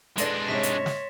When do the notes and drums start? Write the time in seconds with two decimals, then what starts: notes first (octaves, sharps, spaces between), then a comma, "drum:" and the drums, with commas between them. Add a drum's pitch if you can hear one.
0.18 G#3 D4 A4 B4 D5 C6 A6 A#6, drum: hi-hat
0.48 G#2 C3 C#5 B6 E7
0.63 drum: hi-hat
0.86 drum: snare